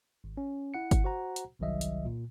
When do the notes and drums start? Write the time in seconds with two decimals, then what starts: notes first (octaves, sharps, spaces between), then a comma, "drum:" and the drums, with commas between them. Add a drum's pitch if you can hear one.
0.24 G#1
0.37 C#4
0.74 E4 F#5 C#7
0.91 drum: kick G1, hi-hat
1.04 F#4 C5 F#5 A#5
1.36 drum: hi-hat
1.59 G1 C2 D#3 F#3 D#5 E5
1.81 drum: hi-hat
2.05 A#2